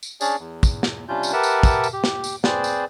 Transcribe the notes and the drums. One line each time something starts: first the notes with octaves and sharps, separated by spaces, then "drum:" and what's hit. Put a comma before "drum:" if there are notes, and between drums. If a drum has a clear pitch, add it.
drum: tambourine
C#4 D4 G#4 C#5 D5, drum: tambourine
E2
drum: kick, tambourine
drum: snare
C3 G3 C#4 D4 F4 G6
drum: tambourine
G4 A#4 B4 E5 F#5 A5
drum: tambourine
drum: kick, tambourine
drum: tambourine
G4
drum: snare
drum: tambourine
C4 G#4 B4 C5 D5, drum: snare
drum: tambourine